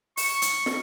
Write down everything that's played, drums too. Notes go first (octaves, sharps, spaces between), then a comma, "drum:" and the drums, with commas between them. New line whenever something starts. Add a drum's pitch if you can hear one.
C#6, drum: open hi-hat
drum: hi-hat
drum: snare